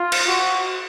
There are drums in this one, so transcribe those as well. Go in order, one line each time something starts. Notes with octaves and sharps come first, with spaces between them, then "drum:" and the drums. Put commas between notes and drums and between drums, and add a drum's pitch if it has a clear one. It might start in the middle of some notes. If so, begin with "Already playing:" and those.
Already playing: F4
drum: cymbal
F#4